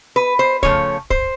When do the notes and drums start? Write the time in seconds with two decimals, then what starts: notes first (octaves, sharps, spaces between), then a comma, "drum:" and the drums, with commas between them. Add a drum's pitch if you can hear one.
0.16 B4
0.39 C5
0.63 C#3 F3 A3 C#5, drum: kick
1.10 C5, drum: kick